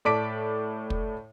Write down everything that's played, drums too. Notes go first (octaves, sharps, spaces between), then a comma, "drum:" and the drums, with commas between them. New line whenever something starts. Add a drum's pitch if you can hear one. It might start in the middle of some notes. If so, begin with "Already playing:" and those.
A2 D5 A5 D6 B6 D7
drum: kick